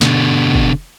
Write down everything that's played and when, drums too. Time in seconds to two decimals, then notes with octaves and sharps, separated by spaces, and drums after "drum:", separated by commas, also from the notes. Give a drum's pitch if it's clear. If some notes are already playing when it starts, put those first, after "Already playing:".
0.01 B2 D3, drum: snare
0.54 drum: kick